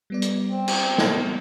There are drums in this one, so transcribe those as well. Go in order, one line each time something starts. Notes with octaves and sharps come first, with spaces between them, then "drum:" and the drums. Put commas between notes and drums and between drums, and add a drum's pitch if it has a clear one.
G3 B3 D5
drum: hi-hat
C4
drum: cymbal
drum: snare